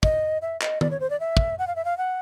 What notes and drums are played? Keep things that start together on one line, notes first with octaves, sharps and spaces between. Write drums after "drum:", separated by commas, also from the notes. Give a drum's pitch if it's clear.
D#5, drum: kick
E5
D#5, drum: clap
D5, drum: tom D#3
C#5
C5
D5
E5
drum: kick
F#5
F5
E5
F5
F#5